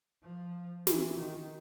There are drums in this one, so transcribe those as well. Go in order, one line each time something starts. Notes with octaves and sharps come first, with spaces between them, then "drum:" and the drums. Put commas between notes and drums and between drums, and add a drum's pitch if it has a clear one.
F3
E3, drum: snare
D#3